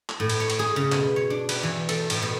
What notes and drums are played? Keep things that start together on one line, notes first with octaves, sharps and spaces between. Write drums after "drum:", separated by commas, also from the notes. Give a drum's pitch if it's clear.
drum: clap
A2
drum: cymbal
C#5
drum: cymbal
G#4
C#3
B2, drum: clap
C#5
D4
B4, drum: cymbal
E3
A4, drum: cymbal
A2, drum: cymbal
B2